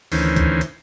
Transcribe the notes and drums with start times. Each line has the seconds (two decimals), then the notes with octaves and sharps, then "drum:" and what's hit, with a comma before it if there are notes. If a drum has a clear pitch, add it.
0.12 D2 D#3 E3 C#4 C5, drum: open hi-hat
0.36 drum: kick C#2, hi-hat
0.61 drum: hi-hat